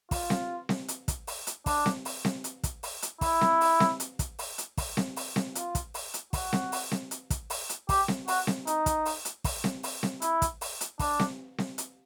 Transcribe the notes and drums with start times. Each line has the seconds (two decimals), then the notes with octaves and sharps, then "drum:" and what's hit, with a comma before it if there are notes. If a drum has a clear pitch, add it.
0.11 F4, drum: kick, open hi-hat
0.30 drum: snare C4
0.69 drum: snare C4
0.88 drum: hi-hat
1.08 drum: kick, hi-hat
1.27 drum: open hi-hat
1.47 drum: hi-hat
1.66 D4, drum: kick, open hi-hat
1.86 drum: snare C4
2.05 drum: open hi-hat
2.25 drum: snare C4
2.44 drum: hi-hat
2.63 drum: kick, hi-hat
2.83 drum: open hi-hat
3.02 drum: hi-hat
3.21 E4, drum: kick, open hi-hat
3.41 drum: snare C4
3.61 drum: open hi-hat
3.80 drum: snare C4
4.00 drum: hi-hat
4.19 drum: kick, hi-hat
4.39 drum: open hi-hat
4.58 drum: hi-hat
4.77 drum: kick, open hi-hat
4.97 drum: snare C4
5.16 drum: open hi-hat
5.36 drum: snare C4
5.55 F4, drum: hi-hat
5.75 drum: kick, hi-hat
5.94 drum: open hi-hat
6.14 drum: hi-hat
6.33 F#4, drum: kick, open hi-hat
6.53 drum: snare C4
6.72 drum: open hi-hat
6.91 drum: snare C4
7.11 drum: hi-hat
7.30 drum: kick, hi-hat
7.50 drum: open hi-hat
7.69 drum: hi-hat
7.89 G4, drum: kick, open hi-hat
8.08 drum: snare C4
8.28 F#4, drum: open hi-hat
8.47 drum: snare C4
8.67 D#4, drum: hi-hat
8.86 drum: kick, hi-hat
9.05 drum: open hi-hat
9.25 drum: hi-hat
9.44 drum: kick, open hi-hat
9.64 drum: snare C4
9.83 drum: open hi-hat
10.03 drum: snare C4
10.22 E4, drum: hi-hat
10.42 drum: kick, hi-hat
10.61 drum: open hi-hat
10.81 drum: hi-hat
10.99 D4, drum: kick, open hi-hat
11.19 drum: snare C4
11.58 drum: snare C4
11.78 drum: hi-hat